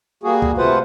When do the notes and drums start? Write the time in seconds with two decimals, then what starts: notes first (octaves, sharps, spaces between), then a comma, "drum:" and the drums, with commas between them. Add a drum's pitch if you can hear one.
0.23 G3 A#3 F#4 G#4
0.42 drum: kick
0.58 C3 A3 F4 B4 C5 F#5